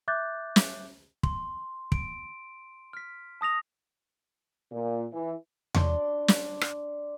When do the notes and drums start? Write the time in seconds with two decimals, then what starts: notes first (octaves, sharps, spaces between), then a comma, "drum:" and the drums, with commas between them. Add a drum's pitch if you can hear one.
0.08 E5 D6 F#6 G6 A6
0.56 drum: snare
1.23 C6, drum: kick
1.92 D7, drum: kick
2.93 F6 B6
3.41 A5 D#6 A#6 F7
4.72 A#2
5.13 E3
5.74 D4 D5 C6, drum: tom E2
6.28 drum: snare
6.61 drum: rim click